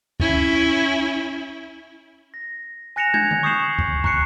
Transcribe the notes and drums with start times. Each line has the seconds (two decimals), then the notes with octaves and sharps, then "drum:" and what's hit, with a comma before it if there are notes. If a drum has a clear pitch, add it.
0.20 C#4 E4, drum: kick
2.34 A#6
2.96 G#5 F#6 A#6 C#7 E7 F7
3.14 G6 G#6, drum: tom
3.31 drum: tom D3
3.43 C#6 D#6 G6 C7 E7 F#7
3.79 drum: kick
4.04 A#5 C#6 F#6 C7 C#7, drum: kick